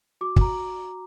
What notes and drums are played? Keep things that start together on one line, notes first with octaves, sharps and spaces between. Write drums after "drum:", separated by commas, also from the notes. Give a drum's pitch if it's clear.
F#4 D6
F#4 A#5, drum: kick